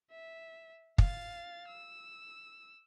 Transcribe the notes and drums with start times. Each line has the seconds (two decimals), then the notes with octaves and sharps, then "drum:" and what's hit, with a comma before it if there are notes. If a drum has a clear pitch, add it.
0.11 E5
0.98 F5 A6, drum: kick
1.68 E6